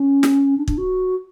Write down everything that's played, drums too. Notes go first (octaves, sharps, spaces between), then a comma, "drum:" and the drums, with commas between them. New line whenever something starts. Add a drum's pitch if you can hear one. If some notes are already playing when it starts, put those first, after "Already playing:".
Already playing: C#4
drum: snare
D4
D4, drum: kick
F#4